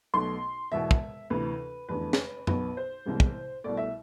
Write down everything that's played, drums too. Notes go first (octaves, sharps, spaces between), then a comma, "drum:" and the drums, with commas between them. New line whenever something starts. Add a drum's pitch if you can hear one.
B1 B2 A3 C6
E1 E2 B2 B3 E5
drum: kick
D2 C3 E3 B4
F1 E2 D3 B4
drum: snare
B1 B2 B3 B4, drum: tom F#2
C5
C2 C3 E3 G#3 B3
drum: kick
C2 B2 A3 D5
E5